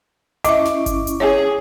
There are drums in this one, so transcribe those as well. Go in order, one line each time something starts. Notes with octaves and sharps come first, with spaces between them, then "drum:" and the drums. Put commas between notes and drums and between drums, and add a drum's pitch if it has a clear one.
C#4 E4 D#5 E5 C#6 D6, drum: hi-hat
drum: snare
drum: kick G1, hi-hat
drum: hi-hat
G#4 C#5